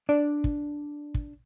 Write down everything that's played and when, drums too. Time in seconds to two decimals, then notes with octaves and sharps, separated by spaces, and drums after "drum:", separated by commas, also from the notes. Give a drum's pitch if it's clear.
0.09 D4 D5
0.44 drum: kick
1.14 drum: kick